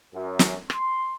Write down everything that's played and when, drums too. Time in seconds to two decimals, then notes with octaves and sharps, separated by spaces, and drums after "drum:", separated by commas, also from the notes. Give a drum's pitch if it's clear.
0.14 F#2
0.39 drum: snare
0.70 C6, drum: rim click